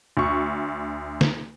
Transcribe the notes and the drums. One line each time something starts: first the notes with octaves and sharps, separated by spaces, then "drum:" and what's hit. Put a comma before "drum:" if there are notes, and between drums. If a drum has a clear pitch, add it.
D2 C#6
drum: snare